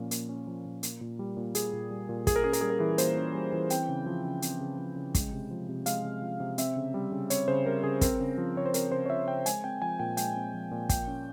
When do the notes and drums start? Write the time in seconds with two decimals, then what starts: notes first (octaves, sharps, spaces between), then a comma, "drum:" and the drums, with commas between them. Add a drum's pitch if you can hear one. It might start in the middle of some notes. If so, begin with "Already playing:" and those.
Already playing: A#2 F3 A#3 C#4
0.11 A#3, drum: hi-hat
0.29 C#4
0.47 F3
0.65 A#2
0.83 A#3, drum: hi-hat
1.01 A#2
1.19 G3
1.37 A#2
1.55 A#3 G#4, drum: hi-hat
1.73 A#2
1.91 G3
2.09 A#2
2.27 A#3 G#4, drum: kick, hi-hat
2.36 A#4
2.44 C#4 G#4
2.53 A#4, drum: hi-hat
2.61 G3 G#4
2.70 A#4
2.79 E3 G#4
2.98 A#3 C5, drum: hi-hat
3.17 C#4
3.34 G3
3.53 E3
3.70 C4 G5, drum: hi-hat
3.88 C#3
4.06 F3
4.25 C#3
4.42 C4, drum: hi-hat
4.61 C#3
4.78 F3
4.96 C#3
5.15 G#3, drum: kick, hi-hat
5.32 C3
5.51 F3
5.68 C3
5.86 G#3 F5, drum: hi-hat
6.04 C3
6.22 F3
6.40 C3
6.58 C4 E5, drum: hi-hat
6.76 C#3
6.94 G3
7.12 C#3
7.30 C4 C#5, drum: hi-hat
7.48 C#3 C5
7.66 G3 A#4
7.83 C#3 G#4
8.01 C4 A#4, drum: kick, hi-hat
8.20 C#3
8.38 F3
8.56 C#3 C#5
8.66 C5
8.74 C4 A#4, drum: hi-hat
8.92 C#3 C5
9.06 C#5
9.09 F3 E5
9.27 C#3 G5
9.46 G#3 G#5, drum: hi-hat
9.64 C4 G5
9.82 F3 G#5
9.99 A#2 G5
10.17 G#3 G5, drum: hi-hat
10.36 C4
10.54 F3
10.71 A#2
10.89 A#3 G5, drum: kick, hi-hat
11.07 C#4